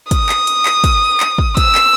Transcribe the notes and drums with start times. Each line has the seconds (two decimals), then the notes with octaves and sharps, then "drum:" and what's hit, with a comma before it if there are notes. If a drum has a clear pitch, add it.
0.11 D#6, drum: kick, hi-hat
0.29 drum: clap
0.47 drum: hi-hat
0.65 drum: clap
0.84 drum: kick, hi-hat
1.20 drum: clap
1.38 drum: kick
1.57 E6, drum: kick, hi-hat
1.75 drum: clap